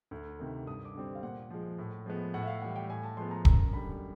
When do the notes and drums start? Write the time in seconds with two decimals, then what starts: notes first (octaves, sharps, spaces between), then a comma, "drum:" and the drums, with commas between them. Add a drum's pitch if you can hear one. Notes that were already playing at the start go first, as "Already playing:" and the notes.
0.11 D2
0.39 C3 D#3
0.67 G2 D#6
0.85 D6
0.95 D3 G3 C4
1.15 F5
1.23 A#2 F#5
1.50 F3 G#3
1.78 A2
2.06 F3 G#3 B3
2.34 A2 F#5
2.43 E5
2.48 F5
2.62 E3 G3 F#5
2.76 G5
2.90 A2 G#5
3.03 A5
3.17 F3 G#3 B3 C6
3.31 A#5
3.45 F#2 A#5, drum: kick
3.73 D3 G3 B5